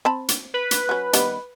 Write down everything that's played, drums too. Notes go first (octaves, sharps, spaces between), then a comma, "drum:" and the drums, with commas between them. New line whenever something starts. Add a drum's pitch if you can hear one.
C4 A5 B5
drum: hi-hat
B4
drum: hi-hat
F#3 C#4
D#3 G3 B3, drum: hi-hat